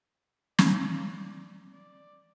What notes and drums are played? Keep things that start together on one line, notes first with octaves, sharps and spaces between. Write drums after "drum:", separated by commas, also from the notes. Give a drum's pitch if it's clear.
D5, drum: snare
D5